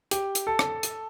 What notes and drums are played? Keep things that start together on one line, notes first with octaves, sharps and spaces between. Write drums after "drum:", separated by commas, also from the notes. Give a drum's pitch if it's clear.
G4, drum: hi-hat
drum: hi-hat
A4
drum: rim click
drum: hi-hat